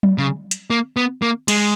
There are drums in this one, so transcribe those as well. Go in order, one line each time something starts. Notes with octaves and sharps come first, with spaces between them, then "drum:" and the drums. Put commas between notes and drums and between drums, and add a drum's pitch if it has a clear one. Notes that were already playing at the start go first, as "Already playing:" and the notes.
drum: tom F#3
C#3
drum: hi-hat
A#3
B3
A#3
G#3, drum: cymbal